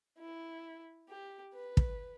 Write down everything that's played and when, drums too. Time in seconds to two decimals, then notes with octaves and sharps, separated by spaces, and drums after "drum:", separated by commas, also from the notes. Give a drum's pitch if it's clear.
0.18 E4
1.09 G4
1.54 B4
1.77 drum: kick